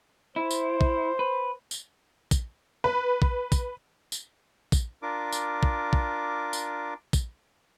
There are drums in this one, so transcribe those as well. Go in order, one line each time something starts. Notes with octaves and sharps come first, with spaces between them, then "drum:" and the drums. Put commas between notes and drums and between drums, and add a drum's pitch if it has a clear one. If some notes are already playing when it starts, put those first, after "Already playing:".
E4 C5
drum: tambourine
drum: kick
B4
drum: tambourine
drum: kick, tambourine
B4
drum: kick
drum: kick, tambourine
drum: tambourine
drum: kick, tambourine
D4 F4 A#4 D6
drum: tambourine
drum: kick
drum: kick
drum: tambourine
drum: kick, tambourine